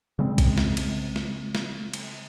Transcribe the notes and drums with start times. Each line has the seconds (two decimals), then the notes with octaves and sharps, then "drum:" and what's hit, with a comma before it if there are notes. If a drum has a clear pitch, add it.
0.19 C#3 G3 G#3 C4
0.38 drum: kick B1, cymbal
0.58 drum: snare
0.77 drum: cymbal
1.16 drum: snare
1.55 drum: snare
1.93 drum: cymbal